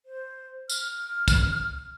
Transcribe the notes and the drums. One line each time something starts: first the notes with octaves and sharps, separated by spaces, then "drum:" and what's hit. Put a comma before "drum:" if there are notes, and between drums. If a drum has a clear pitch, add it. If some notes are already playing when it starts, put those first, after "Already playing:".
C5
F6, drum: tambourine
drum: kick, tambourine